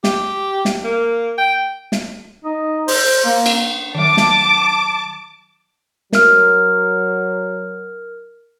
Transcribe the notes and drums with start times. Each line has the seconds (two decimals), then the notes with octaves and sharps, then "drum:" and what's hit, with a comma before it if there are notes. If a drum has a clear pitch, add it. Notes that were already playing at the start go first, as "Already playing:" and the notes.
0.04 G4, drum: snare
0.65 drum: snare
0.84 A#3
1.38 G5
1.92 drum: snare
2.45 D#4
2.88 C5, drum: open hi-hat
3.25 A#3
3.46 drum: cymbal
3.95 D#3 F#3 A5 D6
4.17 drum: snare
6.13 F#3 A#4 F6, drum: snare